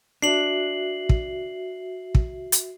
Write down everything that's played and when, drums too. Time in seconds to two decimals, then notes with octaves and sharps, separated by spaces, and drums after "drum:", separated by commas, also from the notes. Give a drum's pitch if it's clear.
0.22 D4 F#4 E5 C7 F#7
1.09 drum: kick
2.15 drum: kick
2.52 drum: hi-hat